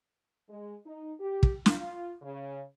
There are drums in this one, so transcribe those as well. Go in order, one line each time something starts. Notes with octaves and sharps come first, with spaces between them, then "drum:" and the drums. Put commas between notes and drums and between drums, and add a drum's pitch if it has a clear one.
G#3
D#4
G4
drum: kick
F4, drum: snare
C#3